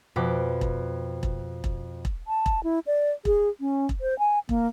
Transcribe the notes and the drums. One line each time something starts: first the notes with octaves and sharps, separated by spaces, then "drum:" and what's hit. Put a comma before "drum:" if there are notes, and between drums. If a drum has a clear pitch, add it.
F2 B2 B5 D6
drum: kick E1
drum: kick E1
drum: kick E1
drum: kick E1
A5
drum: kick E1
E4
D5
G#4, drum: kick E1
C#4
drum: kick E1
C5
G#5
A#3, drum: kick E1